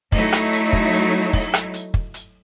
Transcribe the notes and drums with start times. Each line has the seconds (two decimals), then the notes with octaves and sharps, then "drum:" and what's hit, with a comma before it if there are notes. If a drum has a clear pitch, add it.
0.12 F#3 A3 D#4 E4, drum: kick, open hi-hat
0.32 drum: rim click
0.53 drum: hi-hat
0.73 drum: kick
0.93 drum: hi-hat
1.33 drum: kick, open hi-hat
1.53 drum: rim click
1.74 drum: hi-hat
1.94 drum: kick
2.14 drum: hi-hat